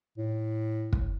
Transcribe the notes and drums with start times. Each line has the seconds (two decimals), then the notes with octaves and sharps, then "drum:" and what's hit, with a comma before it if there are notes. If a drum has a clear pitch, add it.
0.18 A2
0.93 drum: kick